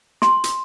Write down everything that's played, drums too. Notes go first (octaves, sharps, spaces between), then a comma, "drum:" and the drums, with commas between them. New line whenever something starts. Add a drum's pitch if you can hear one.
C6, drum: snare
drum: hi-hat